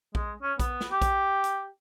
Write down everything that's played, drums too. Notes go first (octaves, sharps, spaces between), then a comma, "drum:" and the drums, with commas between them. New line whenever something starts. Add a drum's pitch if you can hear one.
G#3, drum: kick A#1
C#4
B3, drum: kick A#1, hi-hat
drum: snare
G4
drum: kick A#1, hi-hat
drum: hi-hat